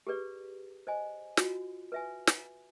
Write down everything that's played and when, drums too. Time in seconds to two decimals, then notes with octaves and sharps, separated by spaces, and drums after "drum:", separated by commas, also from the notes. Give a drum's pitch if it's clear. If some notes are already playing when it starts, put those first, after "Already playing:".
0.07 G4 G#4 B4 D5
0.87 C5 D#5 G#5
1.37 F4 F#4, drum: snare
1.92 B4 E5 G#5
2.27 drum: snare